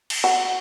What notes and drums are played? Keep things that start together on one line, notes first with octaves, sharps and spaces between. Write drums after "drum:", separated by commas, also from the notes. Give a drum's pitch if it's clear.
drum: cymbal
F#4